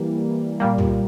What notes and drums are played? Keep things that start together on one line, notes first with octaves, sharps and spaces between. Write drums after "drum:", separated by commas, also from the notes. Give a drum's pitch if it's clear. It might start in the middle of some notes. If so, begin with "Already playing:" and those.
Already playing: E3 G3 A#3
A#2 G3 A#3
drum: tom